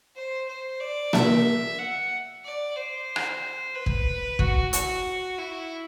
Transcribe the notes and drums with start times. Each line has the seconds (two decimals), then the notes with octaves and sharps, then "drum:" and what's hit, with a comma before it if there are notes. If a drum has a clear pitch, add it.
0.15 C5
0.48 C5
0.80 D5
1.13 E5, drum: snare A#3
1.78 F#5
2.44 D5
2.76 C5
3.16 drum: rim click
3.75 B4
3.86 drum: kick
4.39 F#4, drum: kick
4.73 F#4, drum: hi-hat
5.38 E4